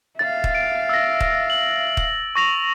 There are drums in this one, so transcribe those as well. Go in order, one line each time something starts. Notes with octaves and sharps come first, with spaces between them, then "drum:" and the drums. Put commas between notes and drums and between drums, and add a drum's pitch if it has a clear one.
E5 F5 A6
drum: kick
D7
E6 A#6
drum: kick
F#7
drum: kick
C#6 A#6 F7